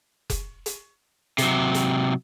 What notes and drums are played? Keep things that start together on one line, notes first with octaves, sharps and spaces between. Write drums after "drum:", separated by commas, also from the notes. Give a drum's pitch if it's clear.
drum: kick F1, hi-hat
drum: hi-hat
C3 F#3, drum: hi-hat
drum: hi-hat